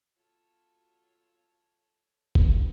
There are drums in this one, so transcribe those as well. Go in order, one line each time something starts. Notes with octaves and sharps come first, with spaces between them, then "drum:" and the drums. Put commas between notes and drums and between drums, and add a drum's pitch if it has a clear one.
B2 F#3 F4 A4 C#5
drum: kick